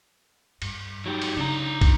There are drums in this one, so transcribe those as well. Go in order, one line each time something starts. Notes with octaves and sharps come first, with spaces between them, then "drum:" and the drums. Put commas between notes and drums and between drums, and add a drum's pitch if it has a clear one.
G2, drum: cymbal
F#3 D#4 G4
drum: cymbal
C#3 D4 A#5
drum: kick, cymbal